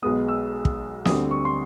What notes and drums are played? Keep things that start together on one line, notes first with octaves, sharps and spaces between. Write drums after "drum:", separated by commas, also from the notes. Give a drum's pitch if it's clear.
B1 B2 G#3 B3 D#6
E6
drum: kick
D2 D3 G3 C4 D#6, drum: snare
C#6
C6